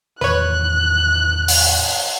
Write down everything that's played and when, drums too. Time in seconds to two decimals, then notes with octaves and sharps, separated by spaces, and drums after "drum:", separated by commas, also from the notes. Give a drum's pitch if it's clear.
0.21 E2 A2 D#3 B4 C#5 F#6
1.48 drum: open hi-hat